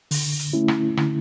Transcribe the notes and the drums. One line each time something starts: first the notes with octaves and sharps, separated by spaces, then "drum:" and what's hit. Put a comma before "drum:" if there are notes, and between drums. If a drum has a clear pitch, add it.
D3, drum: open hi-hat
drum: hi-hat
A3 C#4 E4
drum: rim click
D3, drum: rim click